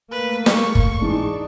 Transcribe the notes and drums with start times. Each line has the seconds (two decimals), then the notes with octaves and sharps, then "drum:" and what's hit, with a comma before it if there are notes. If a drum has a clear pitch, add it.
0.12 A3 A#3 B4
0.46 C#6, drum: snare
0.75 drum: kick
1.01 G#2 E3 G#3 D4 D#4